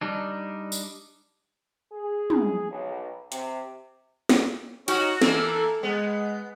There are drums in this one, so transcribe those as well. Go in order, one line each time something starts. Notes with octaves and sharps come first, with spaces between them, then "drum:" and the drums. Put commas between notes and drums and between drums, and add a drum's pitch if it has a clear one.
G3 D4 D#4
drum: tambourine
G#4
drum: tom
B1
C3, drum: hi-hat
drum: snare
C#4 D#4 F#4, drum: cymbal
E3 A#3 A4, drum: snare
G#3 B3